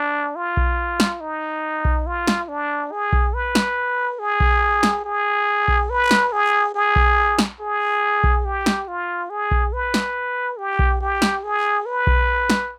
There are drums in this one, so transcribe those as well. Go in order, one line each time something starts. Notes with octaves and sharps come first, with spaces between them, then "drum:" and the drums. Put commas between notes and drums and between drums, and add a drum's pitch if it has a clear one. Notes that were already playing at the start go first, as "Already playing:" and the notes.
Already playing: D4
F4
drum: kick B1
drum: snare
D#4
drum: kick B1
F4
drum: snare
D4
G#4
drum: kick B1
B4
drum: snare
G#4
drum: kick B1
drum: snare
G#4
drum: kick B1
B4
drum: snare
G#4
G#4
drum: kick B1
drum: snare
G#4
drum: kick B1
G4
drum: snare
F4
G#4
drum: kick B1
B4
drum: snare
G4
drum: kick B1
G4
drum: snare
G#4
B4
drum: kick B1
drum: snare